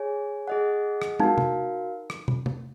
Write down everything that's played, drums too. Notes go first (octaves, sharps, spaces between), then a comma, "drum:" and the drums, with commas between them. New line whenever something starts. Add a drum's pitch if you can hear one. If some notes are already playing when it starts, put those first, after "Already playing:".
Already playing: G#4 C#5 G#5
G#4 D#5 F#5
drum: rim click
D#4 F#4 A#4 F5, drum: tom
drum: tom C3
drum: rim click
drum: tom
drum: tom C3